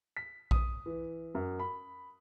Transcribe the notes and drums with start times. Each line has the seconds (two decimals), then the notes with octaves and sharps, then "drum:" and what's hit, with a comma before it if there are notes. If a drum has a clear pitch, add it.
0.17 B6
0.51 D#6, drum: kick A#1
0.86 E3
1.35 F#2
1.60 B5